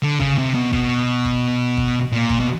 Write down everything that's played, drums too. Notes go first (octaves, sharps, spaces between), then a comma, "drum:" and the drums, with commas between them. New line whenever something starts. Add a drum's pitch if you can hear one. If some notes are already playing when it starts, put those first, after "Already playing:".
D3
C#3, drum: kick
C3
B2
B2, drum: kick
drum: kick
drum: kick
A#2
drum: kick
B2